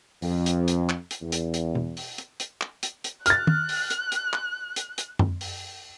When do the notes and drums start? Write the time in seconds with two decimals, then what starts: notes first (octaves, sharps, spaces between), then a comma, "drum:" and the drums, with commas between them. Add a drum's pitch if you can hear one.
0.22 F2, drum: open hi-hat
0.46 drum: hi-hat
0.68 drum: hi-hat
0.89 drum: clap
1.11 drum: hi-hat
1.21 E2
1.32 drum: hi-hat
1.54 drum: hi-hat
1.75 drum: tom B2
1.97 drum: open hi-hat
2.18 drum: hi-hat
2.40 drum: hi-hat
2.61 drum: clap
2.83 drum: hi-hat
3.04 drum: hi-hat
3.26 F6 F#6 A6, drum: hi-hat
3.47 drum: tom
3.69 drum: open hi-hat
3.90 drum: hi-hat
4.12 drum: hi-hat
4.33 drum: clap
4.76 drum: hi-hat
4.98 drum: hi-hat
5.19 drum: tom F#2
5.41 drum: open hi-hat